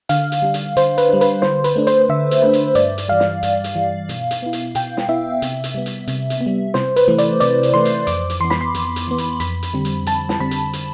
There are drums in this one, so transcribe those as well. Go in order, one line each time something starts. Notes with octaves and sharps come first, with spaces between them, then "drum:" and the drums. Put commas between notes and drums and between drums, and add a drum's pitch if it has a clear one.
D3 F5, drum: hi-hat
drum: hi-hat
G3 D4
drum: hi-hat
D3 C5, drum: hi-hat
B4, drum: hi-hat
G3 D4
B4, drum: hi-hat
D3 C5, drum: snare
B4, drum: hi-hat
A3 D4
C5, drum: hi-hat
D3 E5
drum: hi-hat
A3 D4 B4
drum: hi-hat
G2 D5, drum: hi-hat
drum: hi-hat
E3 G3 F5
drum: snare
G2, drum: hi-hat
drum: hi-hat
E3 G3
B2, drum: hi-hat
drum: hi-hat
B3 E4
drum: hi-hat
B2 G5, drum: hi-hat
drum: snare
B3 E4 E5
C3, drum: hi-hat
drum: hi-hat
G3 B3
drum: hi-hat
C3, drum: hi-hat
drum: hi-hat
B3
G3
C3 C5, drum: snare
B4, drum: hi-hat
E3 A3 E4
D5, drum: hi-hat
C3 D5, drum: hi-hat
drum: hi-hat
E3 A3 E4 C6
drum: hi-hat
F2 D6, drum: hi-hat
drum: hi-hat
E3 B3 C6
B5, drum: snare
C6
F2, drum: hi-hat
drum: hi-hat
E3 B3
drum: hi-hat
F2 B5, drum: hi-hat
drum: hi-hat
D3 G3 C4
drum: hi-hat
F2 A5, drum: hi-hat
drum: snare
D3 G3 C4 B5
drum: hi-hat
drum: hi-hat